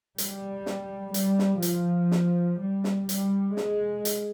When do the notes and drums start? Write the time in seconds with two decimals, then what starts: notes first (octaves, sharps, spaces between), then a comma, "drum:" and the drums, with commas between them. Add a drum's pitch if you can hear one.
0.18 G3, drum: hi-hat
0.66 drum: snare
1.14 G3, drum: hi-hat
1.39 drum: snare
1.62 F3, drum: hi-hat
2.11 drum: snare
2.60 G3
2.84 drum: snare
3.09 G3, drum: hi-hat
3.57 G#3, drum: snare
4.05 drum: hi-hat